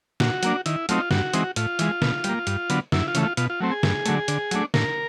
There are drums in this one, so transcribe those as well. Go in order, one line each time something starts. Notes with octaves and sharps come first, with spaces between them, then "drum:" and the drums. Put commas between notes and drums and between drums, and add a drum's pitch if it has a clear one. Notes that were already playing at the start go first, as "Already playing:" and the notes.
A#2 F#4, drum: snare
F#3 A#3 D4, drum: hi-hat
D#3 E4, drum: hi-hat
F#3 A3 C4 D#4 F4, drum: hi-hat
G2 F#4, drum: snare
E3 G#3 C4 D#4, drum: hi-hat
A2 F4, drum: hi-hat
E3 G#3, drum: hi-hat
B2, drum: snare
G3 A#3, drum: hi-hat
G2, drum: hi-hat
D3 F#3 B3, drum: hi-hat
F#2 E4, drum: snare
F4
C#3 E3 A3, drum: hi-hat
F4
B2 F4, drum: hi-hat
F4
F#3 A3 C4
G#4
G2, drum: snare
D3 F#3 A3, drum: hi-hat
D3, drum: hi-hat
F#3 A3 D4, drum: hi-hat
A2 A#4, drum: snare